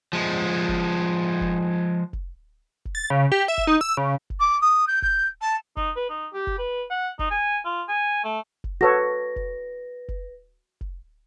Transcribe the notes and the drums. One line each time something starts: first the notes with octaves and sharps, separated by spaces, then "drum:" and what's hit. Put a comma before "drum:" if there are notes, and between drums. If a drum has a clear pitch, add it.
F3 G#3
drum: kick F1
drum: kick F1
drum: kick F1
drum: kick F1
A6
C#3
G4
E5
drum: kick F1
D#4
E6
C#3
drum: kick F1
D6
D#6
G6
G6, drum: kick F1
A5
D#4, drum: kick F1
B4
D#4
G4
drum: kick F1
B4
F#5
D#4, drum: kick F1
G#5
F4
G#5
A3
drum: kick F1
F#4 A4 B4 C#5 A#6
drum: kick F1
drum: kick F1
drum: kick F1